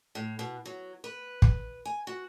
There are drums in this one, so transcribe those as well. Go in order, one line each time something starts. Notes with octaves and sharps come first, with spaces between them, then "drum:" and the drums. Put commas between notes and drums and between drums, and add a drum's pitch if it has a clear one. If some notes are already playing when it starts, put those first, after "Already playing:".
A2
B2
F#3
B4
drum: kick
G#5
F#4